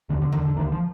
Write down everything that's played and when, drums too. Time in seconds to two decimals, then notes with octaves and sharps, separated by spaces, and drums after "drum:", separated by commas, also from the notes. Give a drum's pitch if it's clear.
0.09 D#2 D3
0.22 D3
0.32 D3 D#3, drum: tom E2
0.45 D3
0.56 D2 D#3
0.72 F3